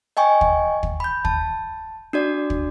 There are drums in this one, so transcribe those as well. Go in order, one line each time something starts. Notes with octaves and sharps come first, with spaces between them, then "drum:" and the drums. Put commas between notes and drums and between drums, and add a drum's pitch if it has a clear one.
D#5 G5 G#5 C#6
drum: kick
drum: kick
B5 G6
A5, drum: kick
D4 F#4 D5
drum: kick